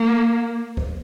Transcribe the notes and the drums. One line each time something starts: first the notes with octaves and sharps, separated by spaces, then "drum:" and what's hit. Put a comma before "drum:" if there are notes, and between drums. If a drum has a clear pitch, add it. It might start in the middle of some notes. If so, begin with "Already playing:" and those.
Already playing: A#3
drum: kick